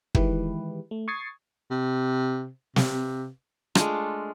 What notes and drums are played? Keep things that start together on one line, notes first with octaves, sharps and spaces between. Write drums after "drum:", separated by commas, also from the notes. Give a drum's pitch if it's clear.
D#3 E3 G#3 E4 G4 B4, drum: kick
A3
C#6 D#6 G#6 A6 C7
C3
C3, drum: snare
G#3 A3 D4 F4, drum: rim click